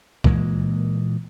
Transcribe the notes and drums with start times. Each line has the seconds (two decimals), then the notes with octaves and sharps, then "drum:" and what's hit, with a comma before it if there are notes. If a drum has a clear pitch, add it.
0.24 A#2 E3 G#3 A#3, drum: kick C#2